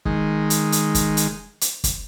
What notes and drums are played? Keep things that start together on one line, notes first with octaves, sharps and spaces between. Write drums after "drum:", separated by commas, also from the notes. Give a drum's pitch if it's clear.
D#3 G#3, drum: kick
drum: hi-hat
drum: hi-hat
drum: kick, hi-hat
drum: hi-hat
drum: hi-hat
drum: kick, hi-hat